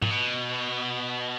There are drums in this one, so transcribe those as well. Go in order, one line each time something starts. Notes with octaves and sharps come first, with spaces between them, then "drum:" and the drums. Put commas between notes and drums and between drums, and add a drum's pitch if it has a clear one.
A#2, drum: tom G#2
B2